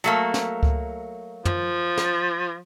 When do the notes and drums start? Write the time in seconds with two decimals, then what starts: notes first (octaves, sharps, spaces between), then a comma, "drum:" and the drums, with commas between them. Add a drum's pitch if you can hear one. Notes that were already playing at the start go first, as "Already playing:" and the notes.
0.04 F#3 A3 A#3, drum: hi-hat
0.34 drum: snare
0.63 drum: kick C#2
1.45 F3, drum: tom
1.97 drum: snare